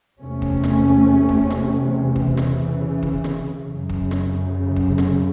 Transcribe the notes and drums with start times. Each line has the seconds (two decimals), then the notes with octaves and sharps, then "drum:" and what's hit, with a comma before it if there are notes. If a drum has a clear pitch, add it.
0.20 E2 C3 A3 C#4
0.42 drum: kick
0.64 drum: snare
1.29 drum: kick
1.50 drum: snare
1.94 C#3 E3
2.16 drum: kick
2.37 drum: snare
3.02 drum: kick
3.24 drum: snare
3.68 F#2 C#3
3.89 drum: kick
4.11 drum: snare
4.76 drum: kick
4.98 drum: snare